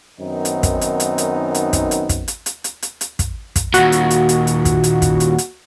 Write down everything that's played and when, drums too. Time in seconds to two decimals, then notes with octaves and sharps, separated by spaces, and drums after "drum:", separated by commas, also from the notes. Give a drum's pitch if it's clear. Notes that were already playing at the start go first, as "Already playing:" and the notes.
0.20 F#2 D#3 B3 C4 D#4
0.45 drum: hi-hat
0.63 drum: kick, hi-hat
0.81 drum: hi-hat
1.00 drum: hi-hat
1.18 drum: hi-hat
1.55 drum: hi-hat
1.73 drum: kick, hi-hat
1.91 drum: hi-hat
2.09 drum: kick, hi-hat
2.28 drum: hi-hat
2.46 drum: hi-hat
2.64 drum: hi-hat
2.82 drum: hi-hat
3.01 drum: hi-hat
3.19 drum: kick, hi-hat
3.56 drum: kick, hi-hat
3.74 D#2 A#2 F#4, drum: hi-hat
3.92 drum: hi-hat
4.10 drum: hi-hat
4.29 drum: hi-hat
4.47 drum: hi-hat
4.65 drum: kick, hi-hat
4.84 drum: hi-hat
5.02 drum: kick, hi-hat
5.20 drum: hi-hat
5.38 drum: hi-hat